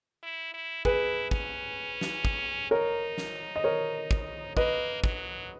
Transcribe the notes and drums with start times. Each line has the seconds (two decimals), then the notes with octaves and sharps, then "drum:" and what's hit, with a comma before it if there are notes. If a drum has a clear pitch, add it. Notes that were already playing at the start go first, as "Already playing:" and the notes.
0.23 E4
0.54 E4
0.85 E4 G#4 B4, drum: kick
1.31 C#4, drum: kick
2.01 drum: snare
2.25 drum: kick
2.71 D#4 A#4 C#5
3.18 drum: snare
3.56 D#5
3.64 A#4 C#5
4.11 drum: kick
4.57 A#3 B4 D#5, drum: kick
5.04 F#3, drum: kick